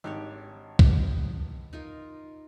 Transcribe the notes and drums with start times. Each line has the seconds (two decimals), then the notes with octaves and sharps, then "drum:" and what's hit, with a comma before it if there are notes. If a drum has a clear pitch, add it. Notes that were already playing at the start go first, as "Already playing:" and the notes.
0.04 G#1 D4 G4 C#5
0.79 B3 G4, drum: kick C2
1.73 D#4 F4 A#4